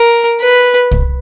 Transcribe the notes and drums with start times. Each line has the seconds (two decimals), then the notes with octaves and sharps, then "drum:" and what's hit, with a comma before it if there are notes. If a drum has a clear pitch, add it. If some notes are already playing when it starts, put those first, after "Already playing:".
Already playing: A#4
0.41 B4
0.91 drum: kick